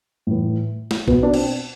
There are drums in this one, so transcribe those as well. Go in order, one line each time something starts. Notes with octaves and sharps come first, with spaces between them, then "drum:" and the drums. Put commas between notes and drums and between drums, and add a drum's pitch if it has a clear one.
A2 E3
drum: snare
B2 B3, drum: kick A1
D4
C4, drum: cymbal